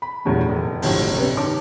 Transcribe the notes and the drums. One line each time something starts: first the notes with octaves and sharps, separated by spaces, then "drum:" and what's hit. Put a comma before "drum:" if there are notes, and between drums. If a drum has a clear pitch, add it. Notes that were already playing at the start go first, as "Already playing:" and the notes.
B5
E2 A#2 C#3 F#3 G3 A3
F1
G1 C#2 A2 C3 F3 F#3, drum: open hi-hat
C3 B3 C#4
D#3 C#5 A5 D6